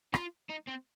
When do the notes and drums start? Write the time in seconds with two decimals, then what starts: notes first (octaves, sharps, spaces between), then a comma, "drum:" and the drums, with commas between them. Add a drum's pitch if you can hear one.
0.14 F4, drum: rim click
0.50 D#4
0.68 C4